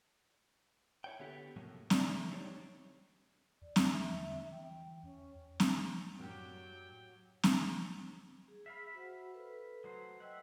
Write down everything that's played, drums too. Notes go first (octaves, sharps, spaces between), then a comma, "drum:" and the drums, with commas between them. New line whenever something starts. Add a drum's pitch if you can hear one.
E4 C#5 G5
D3 B3 G4 A4
A2 C3 F3 F#3 A3 A#3
C3 C4 D#4 E4 D5 E5, drum: snare C4
D3
C4 D4 D#4 G4 C#5
E2 D5
drum: snare C4
E5
D3
E3 G5
E2 C#4
drum: snare C4
F#2 A2 F#3 A#3 D4 G4 G5
drum: snare C4
G#4
E5 F5 B5
F#4 C5 F#5
A4 B4
F#3 A3 C5
D#5 E5 F#5 G5